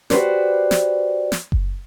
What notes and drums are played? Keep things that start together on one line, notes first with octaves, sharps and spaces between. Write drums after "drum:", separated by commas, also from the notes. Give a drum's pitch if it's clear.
F#4 G4 B4 C5 D5, drum: snare
drum: snare
drum: snare
drum: kick F#1